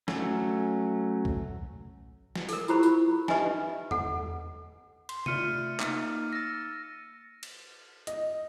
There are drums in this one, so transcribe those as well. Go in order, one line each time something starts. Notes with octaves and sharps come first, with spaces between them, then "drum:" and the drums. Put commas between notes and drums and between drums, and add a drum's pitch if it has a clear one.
F#3 A3 C#4, drum: snare
drum: kick B1
drum: snare
A4 A#4, drum: open hi-hat
E4 F4 G4 C5 B5 C#6, drum: tambourine
drum: tambourine
D#4 G4 B4 D#5 E5 G#5, drum: snare
A4 F#5, drum: tom E2
C6, drum: cymbal
A3 F4 D5 F6 C#7 D#7, drum: tom C3
A#3 D#4 D6, drum: clap
E6 A6 A#6
drum: cymbal
D#5, drum: hi-hat